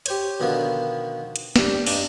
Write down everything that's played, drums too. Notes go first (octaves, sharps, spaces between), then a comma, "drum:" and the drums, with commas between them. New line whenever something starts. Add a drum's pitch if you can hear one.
G4 C5 C#5, drum: hi-hat
B2 D3 D#3 F3 B3
drum: hi-hat
G3 D4 G4, drum: snare
G2 D4 D#4, drum: open hi-hat